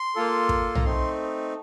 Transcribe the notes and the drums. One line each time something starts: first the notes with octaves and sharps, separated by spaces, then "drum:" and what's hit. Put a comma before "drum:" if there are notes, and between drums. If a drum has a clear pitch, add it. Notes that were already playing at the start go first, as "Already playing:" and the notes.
Already playing: C6
A#3 F4 A4
drum: kick
A#5, drum: tom
A3 C4 D#4 C6